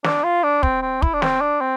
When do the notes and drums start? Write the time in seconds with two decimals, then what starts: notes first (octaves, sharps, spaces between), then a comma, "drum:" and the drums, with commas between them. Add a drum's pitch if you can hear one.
0.04 D4, drum: snare
0.24 F4
0.43 D4
0.63 C4, drum: kick
0.82 C4
1.02 E4, drum: kick
1.13 D4
1.22 C4, drum: snare
1.41 D4
1.61 C4